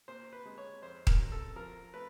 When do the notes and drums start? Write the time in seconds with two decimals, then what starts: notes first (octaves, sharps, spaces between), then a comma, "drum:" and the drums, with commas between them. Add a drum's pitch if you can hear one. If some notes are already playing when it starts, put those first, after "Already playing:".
0.08 A#2 C5
0.33 B4
0.46 G#3
0.58 C#5
0.82 F2 C5
1.07 A#4, drum: kick D#1
1.19 F#3
1.32 A4
1.56 F3 A#4
1.94 A3 B4